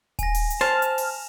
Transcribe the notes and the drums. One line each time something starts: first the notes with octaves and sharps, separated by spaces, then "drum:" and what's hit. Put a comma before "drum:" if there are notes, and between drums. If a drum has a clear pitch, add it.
G#5 A#6, drum: kick D#1, hi-hat
drum: open hi-hat
drum: hi-hat
C5 A5 F6 E7 F7
drum: hi-hat
drum: open hi-hat